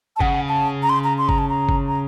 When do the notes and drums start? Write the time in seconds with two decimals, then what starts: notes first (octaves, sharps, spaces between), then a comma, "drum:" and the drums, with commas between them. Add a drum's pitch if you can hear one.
0.16 A5
0.21 C#3 F#5, drum: kick G1
0.49 A5
0.83 A#5
0.89 C6
1.04 A#5
1.18 C6
1.29 A#5, drum: kick G1
1.38 A5
1.49 A#5
1.69 drum: kick G1
1.88 A#5